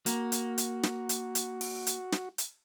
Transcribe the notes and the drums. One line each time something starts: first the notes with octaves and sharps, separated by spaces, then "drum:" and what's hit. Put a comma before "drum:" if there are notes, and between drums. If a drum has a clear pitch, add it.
A#3 F#4, drum: hi-hat
drum: hi-hat
drum: hi-hat
drum: snare
drum: hi-hat
drum: hi-hat
drum: open hi-hat
drum: hi-hat
drum: snare
drum: hi-hat